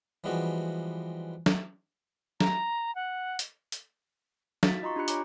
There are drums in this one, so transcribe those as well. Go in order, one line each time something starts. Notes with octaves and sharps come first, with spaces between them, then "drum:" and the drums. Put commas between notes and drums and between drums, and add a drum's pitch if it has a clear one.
E3 F3 G3 G#3 B3 F#4
drum: snare
A#5, drum: snare
F#5
drum: hi-hat
drum: hi-hat
D#4 F#4 F5 A6 B6, drum: snare
F4 D#5 A#5 C6 C#6
D4 F4 G4 B5 F#6 C#7
C#5 G#5 A#5 D6, drum: hi-hat